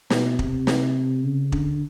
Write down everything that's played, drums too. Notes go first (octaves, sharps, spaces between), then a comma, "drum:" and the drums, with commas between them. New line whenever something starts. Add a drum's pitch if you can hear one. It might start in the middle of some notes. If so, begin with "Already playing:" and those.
B2, drum: snare
C3, drum: kick
drum: snare
C#3
D3, drum: kick